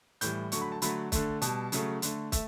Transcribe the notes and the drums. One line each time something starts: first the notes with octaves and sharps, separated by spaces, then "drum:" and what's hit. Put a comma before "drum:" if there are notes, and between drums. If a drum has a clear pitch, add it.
A2 E3 G3 G6, drum: hi-hat
D3 F#3 A3 C#6, drum: hi-hat
B5
A5
D3 F#3 A3 B5, drum: hi-hat
D3 A3, drum: kick, hi-hat
B2 G3 A5, drum: hi-hat
C#3 F#3 A3, drum: hi-hat
D3 A3, drum: hi-hat
A3 E5, drum: kick, hi-hat